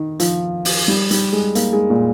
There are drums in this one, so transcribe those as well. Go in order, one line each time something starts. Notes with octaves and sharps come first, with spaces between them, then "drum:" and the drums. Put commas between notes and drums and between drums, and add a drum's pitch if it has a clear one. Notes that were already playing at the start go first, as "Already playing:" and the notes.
Already playing: D#3
F3, drum: hi-hat
drum: open hi-hat
G3
G3, drum: hi-hat
G#3
A#3, drum: hi-hat
G#3
A#2